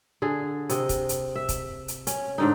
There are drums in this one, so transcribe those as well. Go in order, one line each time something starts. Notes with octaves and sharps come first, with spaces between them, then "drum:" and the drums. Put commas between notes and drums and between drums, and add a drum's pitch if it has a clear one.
D3 G#4
C3 D#5, drum: hi-hat
drum: kick, hi-hat
drum: hi-hat
E5
drum: kick, hi-hat
drum: hi-hat
C#4, drum: hi-hat
G#2 D3 D#4